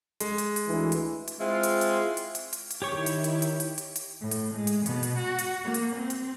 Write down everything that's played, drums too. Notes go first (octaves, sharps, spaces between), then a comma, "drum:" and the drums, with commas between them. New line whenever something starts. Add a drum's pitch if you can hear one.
G#3, drum: hi-hat
drum: hi-hat
drum: hi-hat
D2 E3
drum: hi-hat
drum: hi-hat
G#3 C4 E4 F4
drum: hi-hat
drum: hi-hat
drum: hi-hat
drum: hi-hat
drum: hi-hat
drum: hi-hat
D#3 E4 G4 C#5 C#6
drum: hi-hat
drum: hi-hat
drum: hi-hat
drum: hi-hat
drum: hi-hat
drum: hi-hat
A2
drum: hi-hat
G#3
drum: hi-hat
B2, drum: hi-hat
drum: hi-hat
F#4
drum: hi-hat
A#3
drum: hi-hat
C4
drum: hi-hat